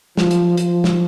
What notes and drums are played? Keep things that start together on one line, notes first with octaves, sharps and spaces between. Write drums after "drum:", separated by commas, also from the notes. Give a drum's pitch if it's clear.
F3, drum: snare
drum: hi-hat
F3, drum: hi-hat
drum: snare